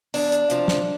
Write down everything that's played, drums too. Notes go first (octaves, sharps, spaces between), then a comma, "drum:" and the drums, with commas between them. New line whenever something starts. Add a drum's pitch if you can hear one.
E2 D4, drum: open hi-hat
drum: hi-hat
C3 F3, drum: hi-hat
drum: snare